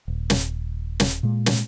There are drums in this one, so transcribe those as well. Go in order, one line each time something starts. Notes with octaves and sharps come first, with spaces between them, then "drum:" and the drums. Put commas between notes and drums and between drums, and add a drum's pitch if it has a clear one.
D#1
drum: snare
drum: snare
A#2 G#3
drum: snare